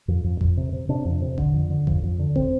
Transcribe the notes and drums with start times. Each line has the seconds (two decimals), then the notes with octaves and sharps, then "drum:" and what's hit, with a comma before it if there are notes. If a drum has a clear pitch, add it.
0.08 F2
0.24 F2
0.41 F2, drum: kick G1
0.57 C3
0.73 C3
0.89 C3 D4
1.05 F2
1.22 C3
1.38 D3, drum: kick G1
1.54 F2
1.70 D3
1.87 F2, drum: kick G1
2.03 F2
2.19 D3
2.36 C4, drum: kick G1